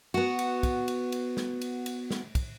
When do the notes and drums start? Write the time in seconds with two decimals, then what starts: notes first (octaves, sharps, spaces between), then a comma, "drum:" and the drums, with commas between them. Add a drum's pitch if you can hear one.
0.14 B3 F#4
0.39 drum: cymbal
0.63 drum: kick, cymbal
0.88 drum: cymbal
1.12 drum: cymbal
1.37 drum: snare
1.61 drum: cymbal
1.86 drum: cymbal
2.11 drum: snare
2.35 drum: kick, cymbal